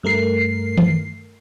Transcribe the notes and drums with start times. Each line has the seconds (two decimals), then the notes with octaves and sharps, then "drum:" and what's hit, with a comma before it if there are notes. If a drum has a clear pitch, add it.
0.03 G2 A3 A#4 C7
0.77 drum: tom D#3